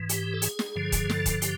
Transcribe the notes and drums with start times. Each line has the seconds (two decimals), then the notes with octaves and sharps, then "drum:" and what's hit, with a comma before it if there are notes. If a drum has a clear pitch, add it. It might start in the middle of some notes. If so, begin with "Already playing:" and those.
Already playing: G#2 E3
0.09 G4, drum: hi-hat
0.34 A4
0.42 G#4, drum: hi-hat
0.59 drum: snare
0.76 G2 D3 F3
0.92 drum: kick D#1, hi-hat
1.10 A4, drum: snare
1.26 drum: kick D#1, hi-hat
1.42 G4, drum: hi-hat